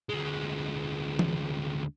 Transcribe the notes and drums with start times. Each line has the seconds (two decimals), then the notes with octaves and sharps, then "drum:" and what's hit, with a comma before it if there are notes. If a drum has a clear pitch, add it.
0.09 D2 G#3
1.19 drum: tom E3